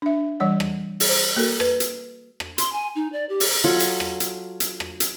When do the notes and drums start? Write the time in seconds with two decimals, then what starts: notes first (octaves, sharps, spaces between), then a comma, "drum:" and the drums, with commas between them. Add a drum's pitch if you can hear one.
0.02 D4 E5
0.40 E3 G3 C#5 F#5
0.60 drum: rim click
1.00 drum: open hi-hat
1.09 C5
1.36 A#3 F#4 A4 A#4
1.60 B4, drum: rim click
1.80 drum: hi-hat
2.40 drum: rim click
2.58 C6, drum: hi-hat
2.73 G#5
2.95 D#4
3.13 D5
3.29 G4
3.40 drum: open hi-hat
3.64 F#3 F4 A4
3.80 drum: hi-hat
4.00 drum: rim click
4.20 drum: hi-hat
4.60 drum: hi-hat
4.80 drum: rim click
5.00 drum: hi-hat